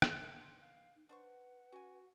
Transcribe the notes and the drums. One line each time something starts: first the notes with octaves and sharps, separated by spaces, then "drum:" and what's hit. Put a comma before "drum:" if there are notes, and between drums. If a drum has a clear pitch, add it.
drum: rim click
G#3 A#3 B3 A#4
C6
F5
D#4
D4 B4 C5 F#5 C#6
C#4 F#4 G#5